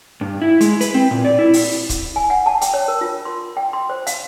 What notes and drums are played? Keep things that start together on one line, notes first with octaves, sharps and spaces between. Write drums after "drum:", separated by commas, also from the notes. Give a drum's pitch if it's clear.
G2
E4
G#3, drum: hi-hat
B4, drum: hi-hat
C4
A#2
D5
E4
drum: open hi-hat
drum: kick C#1, hi-hat
G#5
F#5
A5
G5, drum: hi-hat
C#5
A#4
F4
C6
G5
C6
C5
F5, drum: hi-hat